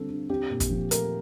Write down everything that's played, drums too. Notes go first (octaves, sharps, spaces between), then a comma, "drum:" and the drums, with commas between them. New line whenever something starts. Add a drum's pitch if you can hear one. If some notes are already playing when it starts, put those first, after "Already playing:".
Already playing: D3 G3 C4 A4
D3
C4 G4
A#2
drum: kick, hi-hat
F3
A3 A#4, drum: hi-hat